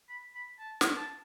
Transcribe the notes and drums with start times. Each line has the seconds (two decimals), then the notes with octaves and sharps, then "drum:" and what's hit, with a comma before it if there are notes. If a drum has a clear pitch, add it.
0.09 B5
0.35 B5
0.59 A5
0.81 drum: snare
0.96 A5